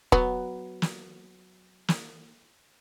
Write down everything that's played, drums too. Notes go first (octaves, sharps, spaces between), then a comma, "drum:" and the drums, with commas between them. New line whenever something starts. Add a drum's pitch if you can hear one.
F#3 B3, drum: kick
drum: snare
drum: snare